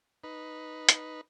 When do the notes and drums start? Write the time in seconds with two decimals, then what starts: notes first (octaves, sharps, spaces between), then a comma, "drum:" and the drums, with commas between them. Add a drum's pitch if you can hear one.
0.24 D#4 B4
0.89 drum: hi-hat